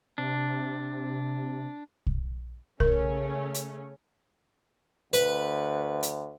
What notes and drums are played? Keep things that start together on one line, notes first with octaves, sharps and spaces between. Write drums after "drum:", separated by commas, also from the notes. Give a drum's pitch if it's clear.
C3 D4
drum: kick
C#3 A3 C#4 A#4, drum: kick
drum: hi-hat
D2 B4, drum: hi-hat
drum: hi-hat